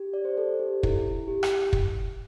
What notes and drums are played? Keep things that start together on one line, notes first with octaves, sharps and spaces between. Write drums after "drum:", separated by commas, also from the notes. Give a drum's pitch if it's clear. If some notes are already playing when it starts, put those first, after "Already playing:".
Already playing: G4
D5
C5
A4
G4
E4, drum: kick
G4
drum: rim click
drum: kick